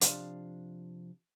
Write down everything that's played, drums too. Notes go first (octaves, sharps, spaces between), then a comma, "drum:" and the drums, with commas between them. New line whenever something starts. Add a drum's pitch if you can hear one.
C3 F3 D4 F5, drum: hi-hat